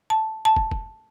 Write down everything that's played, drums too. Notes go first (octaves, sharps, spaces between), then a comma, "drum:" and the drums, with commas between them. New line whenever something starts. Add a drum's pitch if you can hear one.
A5
A5
drum: kick
drum: kick